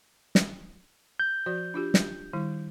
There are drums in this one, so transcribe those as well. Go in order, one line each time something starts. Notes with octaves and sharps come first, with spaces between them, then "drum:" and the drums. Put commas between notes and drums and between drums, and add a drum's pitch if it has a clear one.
drum: snare
G6
F3 F#4 D5
D4 F4 G4
drum: snare
D#3 G3 E4